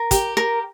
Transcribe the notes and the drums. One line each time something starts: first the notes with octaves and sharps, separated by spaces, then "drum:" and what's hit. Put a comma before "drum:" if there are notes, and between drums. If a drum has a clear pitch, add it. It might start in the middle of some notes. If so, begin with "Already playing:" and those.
Already playing: A#4
G4, drum: kick, hi-hat
A#4